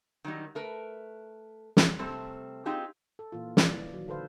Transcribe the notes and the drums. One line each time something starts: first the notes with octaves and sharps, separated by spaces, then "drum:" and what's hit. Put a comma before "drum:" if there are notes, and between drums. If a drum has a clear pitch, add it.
D#3 F#3 G3 D#4
A3 A#4 B4
drum: snare
C3 G3 A3 C4
C4 D#4 F4 G4 G#4
A4
A#2 E3 F4
E3 D5, drum: snare
D#3 F#3
D3 A4 B4 C5 F5